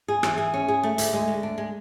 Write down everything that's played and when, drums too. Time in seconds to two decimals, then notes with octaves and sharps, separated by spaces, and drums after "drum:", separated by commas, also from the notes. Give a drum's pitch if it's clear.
0.08 G#4
0.23 E3, drum: rim click
0.38 G#4
0.54 C#4
0.68 G#4
0.83 A3
0.98 D2, drum: hi-hat
1.13 G#3
1.28 D2
1.43 D4
1.58 G#3